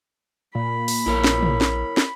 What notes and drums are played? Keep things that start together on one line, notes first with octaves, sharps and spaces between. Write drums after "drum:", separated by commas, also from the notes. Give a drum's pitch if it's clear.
A#2 B5
drum: open hi-hat
A#1 E4 A#4 C#5
drum: snare
drum: tom
drum: snare
drum: snare